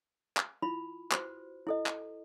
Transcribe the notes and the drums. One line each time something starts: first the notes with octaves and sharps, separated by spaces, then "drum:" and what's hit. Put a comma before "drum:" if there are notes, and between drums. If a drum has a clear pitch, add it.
drum: clap
E4 F4 B5
F#4 B4 C5, drum: clap
E4 A4 D#5
drum: clap